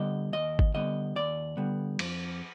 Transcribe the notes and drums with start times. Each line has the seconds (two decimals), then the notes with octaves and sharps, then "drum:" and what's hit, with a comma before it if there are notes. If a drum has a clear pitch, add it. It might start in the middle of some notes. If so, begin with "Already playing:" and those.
Already playing: D3 G3 B3 D#5
0.33 D#2 D#5
0.59 drum: kick G#1
0.74 D3 G3 B3 D#5
1.16 D#2 D5
1.57 D3 G3 B3
1.99 F2, drum: cymbal